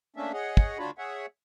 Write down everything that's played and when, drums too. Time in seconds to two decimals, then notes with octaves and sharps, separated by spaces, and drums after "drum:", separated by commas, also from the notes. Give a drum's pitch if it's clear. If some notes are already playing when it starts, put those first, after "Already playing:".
0.16 A3 A#3 C#4 D4 E5
0.33 G#4 C#5 D#5 F#5
0.57 drum: kick
0.79 D2 D4 F4 F#4 C#5 B5
0.98 G#4 C#5 E5 F#5